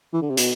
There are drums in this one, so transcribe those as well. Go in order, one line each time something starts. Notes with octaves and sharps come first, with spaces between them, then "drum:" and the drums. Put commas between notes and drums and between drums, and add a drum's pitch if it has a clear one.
E3
D3
C3
B2, drum: hi-hat